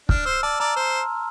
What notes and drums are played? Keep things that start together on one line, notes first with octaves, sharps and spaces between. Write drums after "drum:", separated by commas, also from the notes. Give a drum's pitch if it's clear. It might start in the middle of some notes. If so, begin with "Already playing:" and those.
D4 F6, drum: kick
C5 E6
D5 A5
D5 A#5
C5 C6